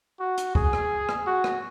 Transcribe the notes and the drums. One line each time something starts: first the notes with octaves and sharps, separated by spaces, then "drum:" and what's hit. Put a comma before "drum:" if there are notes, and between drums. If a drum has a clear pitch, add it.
F#4
drum: hi-hat
G#4, drum: kick
drum: rim click
drum: rim click
F#4
drum: rim click